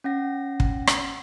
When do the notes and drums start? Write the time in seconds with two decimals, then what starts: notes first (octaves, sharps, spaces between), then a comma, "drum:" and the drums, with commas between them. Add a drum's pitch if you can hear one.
0.04 C#4 F#5 A#6
0.60 drum: kick
0.87 drum: rim click